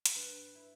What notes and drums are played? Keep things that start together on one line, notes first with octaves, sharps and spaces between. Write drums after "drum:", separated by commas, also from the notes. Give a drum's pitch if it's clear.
drum: hi-hat
G2 B4
E4